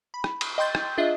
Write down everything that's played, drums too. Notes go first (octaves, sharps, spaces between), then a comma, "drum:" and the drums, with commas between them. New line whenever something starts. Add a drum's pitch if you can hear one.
B5
drum: rim click
drum: cymbal
D#5 G5 C6 G6 A6
drum: rim click
D4 F4 G#4 D#5 E5